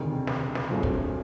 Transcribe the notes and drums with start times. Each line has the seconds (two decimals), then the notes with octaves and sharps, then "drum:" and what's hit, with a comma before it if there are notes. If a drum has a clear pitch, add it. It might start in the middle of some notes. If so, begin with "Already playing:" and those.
Already playing: E1 D2 C3 D#3
0.27 drum: snare
0.55 drum: snare
0.70 A#1 A#2 F#3 A3 C4
0.83 drum: kick